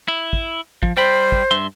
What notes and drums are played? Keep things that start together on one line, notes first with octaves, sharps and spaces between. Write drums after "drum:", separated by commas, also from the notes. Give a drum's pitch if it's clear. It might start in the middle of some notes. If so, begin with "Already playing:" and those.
E4
drum: kick
F3, drum: kick
G3 C5 G5 B5
drum: kick
G2 E5 C6